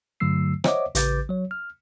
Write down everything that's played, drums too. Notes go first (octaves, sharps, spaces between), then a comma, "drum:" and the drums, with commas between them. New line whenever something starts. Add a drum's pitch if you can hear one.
G2 D3 F#3 A3 E6 C7
C5 C#5 D#5 E5 F#5 D6, drum: rim click
A1 C#3 B4 D6 G6 A6, drum: hi-hat
F#3 C#5
F6